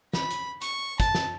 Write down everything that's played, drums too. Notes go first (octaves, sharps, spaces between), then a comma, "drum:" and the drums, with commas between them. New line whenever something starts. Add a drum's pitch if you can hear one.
B5, drum: snare
drum: hi-hat
C#6, drum: hi-hat
A5, drum: kick, hi-hat
drum: snare